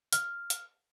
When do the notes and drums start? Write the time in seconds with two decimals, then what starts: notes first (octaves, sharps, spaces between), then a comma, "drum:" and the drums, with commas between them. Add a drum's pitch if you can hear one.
0.13 F6, drum: hi-hat
0.50 drum: hi-hat